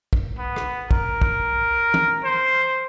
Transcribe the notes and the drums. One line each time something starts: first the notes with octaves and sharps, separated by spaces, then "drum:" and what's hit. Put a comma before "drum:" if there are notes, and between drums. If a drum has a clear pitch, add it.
drum: kick
B3
drum: rim click
A#4, drum: kick
drum: kick
drum: tom E3
C5